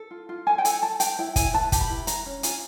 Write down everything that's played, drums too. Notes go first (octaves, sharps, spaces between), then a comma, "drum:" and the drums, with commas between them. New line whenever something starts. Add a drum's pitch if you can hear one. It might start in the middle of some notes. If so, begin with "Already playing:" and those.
Already playing: A4
F4
F4
A4 G#5
G5
A4 G#5, drum: hi-hat
A4 A5
B4 G5, drum: hi-hat
E4 G5
E4 G#5, drum: kick, hi-hat
B4 A5
G4, drum: kick, hi-hat
B5
E4
B4 A#5, drum: hi-hat
C#4
F4 G#5, drum: hi-hat